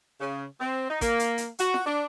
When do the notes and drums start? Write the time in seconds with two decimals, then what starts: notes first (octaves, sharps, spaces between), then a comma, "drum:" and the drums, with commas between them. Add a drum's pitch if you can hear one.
0.20 C#3
0.60 C4
0.89 D#4
1.01 A#3, drum: kick, hi-hat
1.19 drum: hi-hat
1.38 drum: hi-hat
1.59 F#4, drum: hi-hat
1.74 drum: snare
1.86 D4